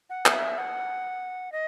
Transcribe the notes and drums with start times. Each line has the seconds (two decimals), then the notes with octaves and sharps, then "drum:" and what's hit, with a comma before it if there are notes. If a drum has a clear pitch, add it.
0.10 F#5
0.26 E5, drum: clap
0.58 F#5
1.52 D#5